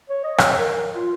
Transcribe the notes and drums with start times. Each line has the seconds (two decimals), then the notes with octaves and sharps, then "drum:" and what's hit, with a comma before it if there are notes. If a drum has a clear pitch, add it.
0.09 C#5
0.24 D#5
0.38 C#5, drum: rim click
0.59 A#4
0.96 F4